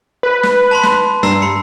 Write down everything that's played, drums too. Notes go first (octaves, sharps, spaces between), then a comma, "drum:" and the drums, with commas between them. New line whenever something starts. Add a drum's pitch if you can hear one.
B4
drum: snare
A5 B5 C6
drum: snare
G2 A#5 E6 C7, drum: snare
B5 C#7